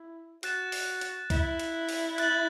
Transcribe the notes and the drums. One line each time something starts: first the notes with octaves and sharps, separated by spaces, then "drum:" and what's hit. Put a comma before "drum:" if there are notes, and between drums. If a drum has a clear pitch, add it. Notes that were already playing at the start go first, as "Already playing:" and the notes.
Already playing: E4
F#4 F#6 A6 E7, drum: hi-hat
drum: open hi-hat
drum: hi-hat
E4 A6 E7, drum: kick C2, hi-hat
drum: hi-hat
drum: open hi-hat
F#6 A6 F#7, drum: hi-hat